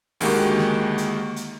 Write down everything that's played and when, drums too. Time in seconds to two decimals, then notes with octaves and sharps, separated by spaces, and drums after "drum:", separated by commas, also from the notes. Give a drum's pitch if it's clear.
0.21 D2 D#3 G#3 A#3 F#4 G4, drum: open hi-hat
0.59 drum: snare
0.98 drum: hi-hat
1.36 drum: hi-hat